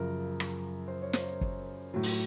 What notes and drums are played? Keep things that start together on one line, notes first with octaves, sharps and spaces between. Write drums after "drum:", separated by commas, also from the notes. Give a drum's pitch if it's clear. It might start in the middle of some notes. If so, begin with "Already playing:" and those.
Already playing: F#2 C#3 F3 A#4
drum: rim click
C5
C#5
C5, drum: snare
drum: kick
A2 F#3
drum: open hi-hat